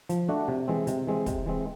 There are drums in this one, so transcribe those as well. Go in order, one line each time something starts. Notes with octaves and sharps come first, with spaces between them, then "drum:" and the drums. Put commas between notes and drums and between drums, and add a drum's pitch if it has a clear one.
F3, drum: hi-hat
A3 D4 F#4
C3
E3 G#3 C4
C3, drum: hi-hat
E3 G#3 C4
C3, drum: kick, hi-hat
E3 G#3 C4